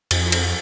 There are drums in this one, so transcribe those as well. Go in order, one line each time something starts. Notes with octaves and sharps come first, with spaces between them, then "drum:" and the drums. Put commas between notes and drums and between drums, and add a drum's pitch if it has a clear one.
F2, drum: cymbal
drum: cymbal